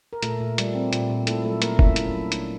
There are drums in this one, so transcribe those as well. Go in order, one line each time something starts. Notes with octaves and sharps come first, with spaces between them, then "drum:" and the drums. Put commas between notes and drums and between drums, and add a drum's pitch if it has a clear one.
A#4
A#2 A3 A4, drum: hi-hat
A#2
G3, drum: hi-hat
C4
A#2, drum: hi-hat
A#2
A3 E4 A4, drum: hi-hat
F#3 A3 A4
A3 A#3 A#4, drum: hi-hat
C#4 E4 E5, drum: kick
E4, drum: hi-hat
F#3
D4, drum: hi-hat